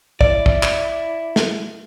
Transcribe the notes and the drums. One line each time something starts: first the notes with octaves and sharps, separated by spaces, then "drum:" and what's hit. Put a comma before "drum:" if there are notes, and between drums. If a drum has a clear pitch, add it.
E4 D5, drum: kick
drum: kick
drum: clap
drum: snare